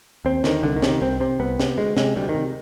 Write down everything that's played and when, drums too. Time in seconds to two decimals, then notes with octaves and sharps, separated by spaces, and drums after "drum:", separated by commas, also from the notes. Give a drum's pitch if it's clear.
0.25 D#2 C4
0.44 D3 D#3, drum: snare
0.63 C2 D3
0.76 D#3
0.82 C3, drum: snare
0.88 D#3
1.02 C2 C4
1.20 C3 C4
1.40 C2 B3
1.60 C3, drum: snare
1.78 D2 G#3
1.97 C3 G#3, drum: snare
2.16 D2 G3
2.29 D#3
2.35 C3